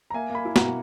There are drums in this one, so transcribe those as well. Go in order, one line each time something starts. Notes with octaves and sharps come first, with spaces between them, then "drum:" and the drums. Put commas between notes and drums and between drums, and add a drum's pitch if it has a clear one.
A#5
A#3 E5 G#5
A#3
G#5 B5
E4
B2 F#5 A#5, drum: snare